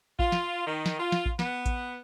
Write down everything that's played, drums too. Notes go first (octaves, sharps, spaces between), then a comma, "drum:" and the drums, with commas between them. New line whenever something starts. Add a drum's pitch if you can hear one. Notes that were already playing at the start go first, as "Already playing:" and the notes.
F4, drum: kick A1
drum: snare
D#3
drum: snare
F4
drum: snare
drum: kick A1
B3, drum: snare
drum: kick A1, hi-hat